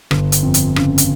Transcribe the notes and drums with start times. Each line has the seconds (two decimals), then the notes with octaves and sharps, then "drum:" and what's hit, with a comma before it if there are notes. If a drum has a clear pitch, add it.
0.11 G1, drum: rim click
0.32 drum: hi-hat
0.43 F2
0.54 drum: hi-hat
0.76 C#3, drum: rim click
0.98 drum: hi-hat